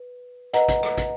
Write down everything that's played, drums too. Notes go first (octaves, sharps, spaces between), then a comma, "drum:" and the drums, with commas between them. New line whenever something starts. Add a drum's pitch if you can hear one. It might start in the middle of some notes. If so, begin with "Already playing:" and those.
Already playing: B4
B4 D#5 F#5 A#5, drum: hi-hat
drum: kick, hi-hat
drum: rim click
drum: kick, hi-hat